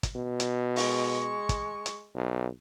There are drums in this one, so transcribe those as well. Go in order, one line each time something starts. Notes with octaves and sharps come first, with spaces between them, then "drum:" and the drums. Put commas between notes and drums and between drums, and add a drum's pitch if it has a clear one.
drum: kick, hi-hat
B2
drum: hi-hat
G#3 C#6, drum: open hi-hat
drum: kick, hi-hat
drum: hi-hat
B1